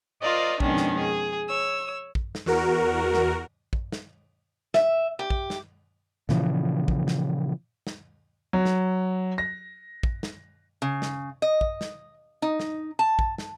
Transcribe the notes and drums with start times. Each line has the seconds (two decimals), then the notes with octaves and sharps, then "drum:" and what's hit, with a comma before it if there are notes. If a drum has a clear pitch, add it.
0.21 F4 A#4 C5 D5 D#5
0.60 F2 B2 D#3 G#3 C#4 D4, drum: kick
0.77 drum: snare
0.98 G#4
1.48 C#5 E6
2.15 drum: kick
2.35 drum: snare
2.46 E2 F#4 A#4
3.14 drum: snare
3.73 drum: kick
3.92 drum: snare
4.74 E5, drum: snare
5.19 G4
5.30 drum: kick
5.50 drum: snare
6.29 A#2 C#3 E3 F3, drum: snare
6.88 drum: kick
7.08 drum: snare
7.87 drum: snare
8.53 F#3
8.65 drum: snare
9.38 A#6
10.03 drum: kick
10.23 drum: snare
10.82 C#3
11.02 drum: snare
11.42 D#5
11.61 drum: kick
11.81 drum: snare
12.42 D#4
12.60 drum: snare
12.99 A5
13.19 drum: kick
13.38 drum: snare